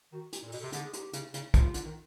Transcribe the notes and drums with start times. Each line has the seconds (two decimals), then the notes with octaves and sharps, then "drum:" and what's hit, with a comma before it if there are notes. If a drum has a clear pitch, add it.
0.12 D#3 F#4
0.33 G4, drum: hi-hat
0.43 A#2
0.46 A4
0.52 B2, drum: open hi-hat
0.59 A4
0.63 C3
0.73 D3 G#4, drum: hi-hat
0.83 G#4
0.93 G4, drum: hi-hat
1.13 C#3, drum: hi-hat
1.34 C#3, drum: hi-hat
1.54 C3 F4, drum: kick, hi-hat
1.64 C#3
1.74 D3, drum: hi-hat
1.85 D#3